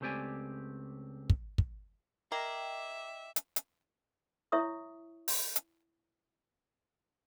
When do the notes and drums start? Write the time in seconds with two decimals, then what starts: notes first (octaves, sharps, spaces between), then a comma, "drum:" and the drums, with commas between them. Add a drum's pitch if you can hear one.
0.01 C#2 A3 C4 G4 D5 G#5
1.30 drum: kick
1.58 drum: kick
2.32 A#4 D#5 E5 G5 D6
3.36 drum: hi-hat
3.56 drum: hi-hat
4.52 E4 C#5 E5 C#6 D#6
5.28 drum: open hi-hat
5.56 drum: hi-hat